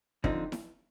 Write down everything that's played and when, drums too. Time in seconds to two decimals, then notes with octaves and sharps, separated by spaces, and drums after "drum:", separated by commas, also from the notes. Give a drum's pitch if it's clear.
0.24 D3 F3 C4 D#4, drum: kick
0.52 drum: snare E4